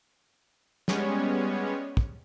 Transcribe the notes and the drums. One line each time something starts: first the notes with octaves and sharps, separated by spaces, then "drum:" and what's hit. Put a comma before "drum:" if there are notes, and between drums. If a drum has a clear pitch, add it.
G3 G#3 B3 C#4 C#5, drum: snare
drum: kick